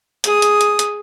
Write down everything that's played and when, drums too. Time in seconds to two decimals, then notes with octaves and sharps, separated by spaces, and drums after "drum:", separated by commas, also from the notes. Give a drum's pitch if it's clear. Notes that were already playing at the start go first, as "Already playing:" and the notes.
0.24 G#4 D#6, drum: hi-hat
0.42 drum: hi-hat
0.61 drum: hi-hat
0.79 drum: hi-hat